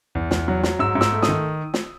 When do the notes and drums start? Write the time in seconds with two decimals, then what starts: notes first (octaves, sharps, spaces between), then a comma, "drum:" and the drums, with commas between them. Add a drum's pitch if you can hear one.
0.15 E2
0.31 E2, drum: snare
0.48 F#3
0.63 F#3, drum: snare
0.79 G#2 E6
0.95 G#2
1.01 E6, drum: snare
1.12 A3
1.22 D#6, drum: snare
1.28 D#3
1.74 drum: snare